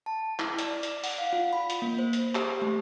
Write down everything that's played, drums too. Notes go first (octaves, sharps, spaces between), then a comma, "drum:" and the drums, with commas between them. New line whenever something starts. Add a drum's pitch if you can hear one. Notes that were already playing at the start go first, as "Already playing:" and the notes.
A5
E4, drum: clap
D5, drum: hi-hat
D5, drum: hi-hat
F#5, drum: open hi-hat
F5
F4
B5
drum: hi-hat
A#3
C5
drum: hi-hat
G4, drum: clap
A3